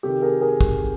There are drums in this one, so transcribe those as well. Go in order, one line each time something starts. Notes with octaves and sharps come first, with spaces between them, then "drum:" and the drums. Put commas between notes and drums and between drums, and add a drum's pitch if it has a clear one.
C3 D#3 G4 A4
G#4 A#4
G#4 A#4
drum: kick